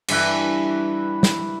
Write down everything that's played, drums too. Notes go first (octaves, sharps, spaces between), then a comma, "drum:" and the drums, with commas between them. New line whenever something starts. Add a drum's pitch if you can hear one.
G2 E3 E4 B4, drum: cymbal
drum: snare